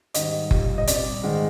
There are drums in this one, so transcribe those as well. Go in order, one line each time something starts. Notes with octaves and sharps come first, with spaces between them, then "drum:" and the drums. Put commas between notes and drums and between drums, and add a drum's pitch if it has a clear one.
G#2 D#3 G3 D#5, drum: hi-hat
A#2 G3, drum: kick F#1
D#5
C3 G3 D5, drum: hi-hat
G#2 D#3 G#3